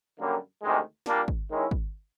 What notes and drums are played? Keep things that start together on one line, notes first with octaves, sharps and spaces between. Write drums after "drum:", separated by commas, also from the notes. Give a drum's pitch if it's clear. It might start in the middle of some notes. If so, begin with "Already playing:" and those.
F#2 D3 G3 A#3
D2 C3 D#3 G#3
A#2 G3 A#3 D4, drum: snare
drum: kick
D#3 G#3 C#4 E4
drum: kick